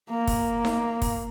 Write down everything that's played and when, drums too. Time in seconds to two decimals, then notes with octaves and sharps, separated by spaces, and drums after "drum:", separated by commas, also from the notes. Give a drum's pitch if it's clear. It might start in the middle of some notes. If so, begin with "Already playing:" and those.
0.10 A#3
0.28 drum: kick, open hi-hat
0.65 drum: snare D#4
1.02 drum: kick, open hi-hat